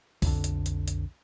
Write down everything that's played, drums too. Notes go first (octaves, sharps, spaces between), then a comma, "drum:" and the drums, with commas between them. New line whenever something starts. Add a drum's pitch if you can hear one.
B1 F2 D3, drum: kick C2, open hi-hat
drum: hi-hat
drum: hi-hat
drum: hi-hat